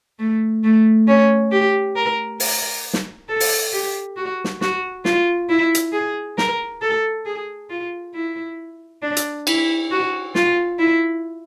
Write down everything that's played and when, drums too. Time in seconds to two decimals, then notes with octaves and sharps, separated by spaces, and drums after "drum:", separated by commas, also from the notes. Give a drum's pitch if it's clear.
0.19 A3
0.64 A3
1.08 C#4
1.52 G4
1.96 A#4
2.40 A#4, drum: open hi-hat
2.93 drum: snare
3.29 A4
3.40 drum: open hi-hat
3.73 G4
4.17 F#4
4.44 drum: snare
4.61 F#4, drum: snare
5.05 F4, drum: snare
5.49 E4
5.75 drum: hi-hat
5.93 G#4
6.38 A#4, drum: snare
6.82 A4
7.26 G#4
7.70 F4
8.14 E4
9.02 D4
9.17 drum: hi-hat
9.47 E4, drum: cymbal
9.91 F#4
10.35 F4, drum: snare
10.79 E4